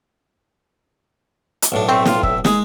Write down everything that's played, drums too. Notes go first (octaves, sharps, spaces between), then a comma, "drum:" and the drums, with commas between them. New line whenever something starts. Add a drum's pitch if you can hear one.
drum: hi-hat
B1 A2 D4
A3 C4
F4, drum: snare
E5, drum: kick
G#3 G#4, drum: snare